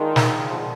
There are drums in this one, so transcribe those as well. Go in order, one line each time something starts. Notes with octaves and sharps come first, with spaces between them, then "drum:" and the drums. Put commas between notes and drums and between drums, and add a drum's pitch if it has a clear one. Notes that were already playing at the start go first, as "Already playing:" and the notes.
Already playing: D#3 G#3 D4 F4 A#4
drum: snare
F3 G#3 B3